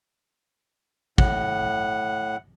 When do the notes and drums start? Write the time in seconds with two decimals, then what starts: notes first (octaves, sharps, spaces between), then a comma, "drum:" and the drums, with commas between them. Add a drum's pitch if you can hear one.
1.18 A2 F#5, drum: kick